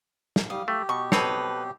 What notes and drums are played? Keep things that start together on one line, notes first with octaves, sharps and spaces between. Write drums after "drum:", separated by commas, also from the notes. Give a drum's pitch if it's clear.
drum: snare
G3 F5 D#6
A3 G4
B2 C#6
B2 C4 A4 B4 C#5 D#6, drum: snare